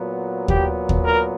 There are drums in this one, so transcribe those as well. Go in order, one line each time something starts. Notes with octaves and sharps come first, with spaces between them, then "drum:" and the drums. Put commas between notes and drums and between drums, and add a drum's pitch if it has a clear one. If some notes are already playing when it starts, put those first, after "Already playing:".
Already playing: A#2 F#3 B3
G4, drum: kick D#2
drum: kick D#2
A#4